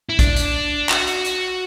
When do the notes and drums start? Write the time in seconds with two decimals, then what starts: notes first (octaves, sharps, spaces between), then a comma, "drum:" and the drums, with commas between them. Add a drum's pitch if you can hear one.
0.09 E4
0.19 D4, drum: kick, hi-hat
0.36 drum: hi-hat
0.89 F#4, drum: clap
1.07 drum: hi-hat
1.25 drum: hi-hat